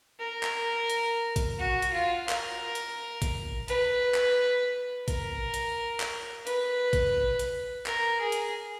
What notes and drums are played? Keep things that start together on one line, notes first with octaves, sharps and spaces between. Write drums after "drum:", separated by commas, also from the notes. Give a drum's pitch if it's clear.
A#4
drum: clap
drum: hi-hat
drum: kick, hi-hat
F#4
drum: hi-hat
F4
A#4, drum: clap
drum: hi-hat
drum: kick, hi-hat
B4, drum: hi-hat
drum: clap
A#4, drum: kick, hi-hat
drum: hi-hat
drum: clap
B4, drum: hi-hat
drum: kick, hi-hat
drum: hi-hat
A#4, drum: clap
G#4
drum: hi-hat